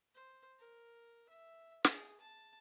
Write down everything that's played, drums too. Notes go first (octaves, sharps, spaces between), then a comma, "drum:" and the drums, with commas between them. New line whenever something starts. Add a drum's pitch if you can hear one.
C5
A#4
E5
G#4, drum: snare
A5